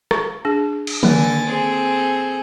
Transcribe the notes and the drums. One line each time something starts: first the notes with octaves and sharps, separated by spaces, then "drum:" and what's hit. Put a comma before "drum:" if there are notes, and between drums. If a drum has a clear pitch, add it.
C#6, drum: rim click
D4 G#4
drum: cymbal
D3 D#3 A#3 G#5 A6, drum: tom
C4 G#4 A4